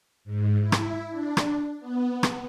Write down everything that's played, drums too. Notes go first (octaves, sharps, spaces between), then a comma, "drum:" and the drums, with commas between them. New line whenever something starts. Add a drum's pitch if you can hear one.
G#2
E4
drum: rim click
D4
drum: rim click
B3
drum: rim click